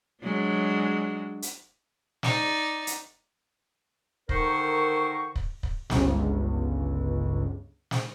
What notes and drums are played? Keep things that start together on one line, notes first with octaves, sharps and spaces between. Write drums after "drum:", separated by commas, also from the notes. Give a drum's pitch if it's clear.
F#3 G#3 D4
drum: hi-hat
D#4 D5, drum: snare
drum: hi-hat
D3 D#3 D#4 A#4 C5 C#6, drum: kick
drum: kick
drum: kick
G1 C#2, drum: snare
drum: snare